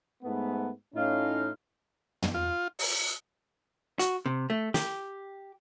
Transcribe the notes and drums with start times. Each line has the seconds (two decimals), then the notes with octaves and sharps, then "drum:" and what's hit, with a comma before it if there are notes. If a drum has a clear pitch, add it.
0.22 G#2 A3 B3
0.95 A2 C#4 D#4 F4 F5
2.22 drum: tom
2.34 F4
2.79 drum: open hi-hat
3.99 F#4, drum: hi-hat
4.26 C3
4.50 A3
4.74 G4, drum: snare